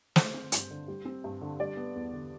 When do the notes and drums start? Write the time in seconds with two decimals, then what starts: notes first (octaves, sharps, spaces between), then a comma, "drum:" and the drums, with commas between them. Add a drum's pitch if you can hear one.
0.16 A3 C5, drum: snare
0.34 C4
0.52 G2, drum: hi-hat
0.70 D3
0.88 G3
1.05 C4
1.24 G2
1.41 D3
1.60 G3 D5
1.77 B3
1.95 E2
2.13 D3